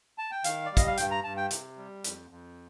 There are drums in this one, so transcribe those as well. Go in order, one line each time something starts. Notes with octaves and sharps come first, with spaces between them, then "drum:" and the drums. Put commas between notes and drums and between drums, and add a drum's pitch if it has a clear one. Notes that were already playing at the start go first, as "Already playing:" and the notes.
A5
G5
D#3 F5, drum: hi-hat
G3 D5
D#5, drum: kick, hi-hat
F5
G2 G5, drum: hi-hat
A#5
G2 A5
G5
C3, drum: hi-hat
G3
F2, drum: hi-hat
F2